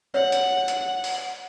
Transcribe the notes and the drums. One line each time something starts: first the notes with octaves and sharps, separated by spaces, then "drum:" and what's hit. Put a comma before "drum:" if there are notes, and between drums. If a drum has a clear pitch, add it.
C#5 F#5
drum: hi-hat
drum: hi-hat
drum: open hi-hat